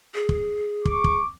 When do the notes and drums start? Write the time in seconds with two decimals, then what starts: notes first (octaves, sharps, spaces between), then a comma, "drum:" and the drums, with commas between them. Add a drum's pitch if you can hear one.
0.15 G#4
0.29 drum: kick
0.85 C#6 D6, drum: kick
1.04 drum: kick